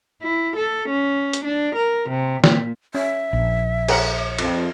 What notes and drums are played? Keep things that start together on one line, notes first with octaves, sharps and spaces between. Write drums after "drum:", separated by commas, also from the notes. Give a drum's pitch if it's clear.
E4
A4
C#4
drum: hi-hat
D4
A#4
C3
A#2, drum: snare
C#4 E5
A#1
G#4 A#4 F#5, drum: cymbal
F2 F3, drum: cymbal